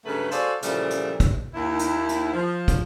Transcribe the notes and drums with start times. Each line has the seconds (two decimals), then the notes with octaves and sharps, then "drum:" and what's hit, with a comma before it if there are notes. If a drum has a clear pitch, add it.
0.05 G2 C#3 F#3 A3 B4
0.31 F#4 G#4 A4 C5 D5 F5, drum: hi-hat
0.62 A#2 C#3 E3 F3 G3 A3, drum: hi-hat
0.90 drum: hi-hat
1.20 drum: kick, hi-hat
1.55 D#2 E4
1.79 drum: hi-hat
2.09 drum: hi-hat
2.33 F3
2.68 drum: kick, hi-hat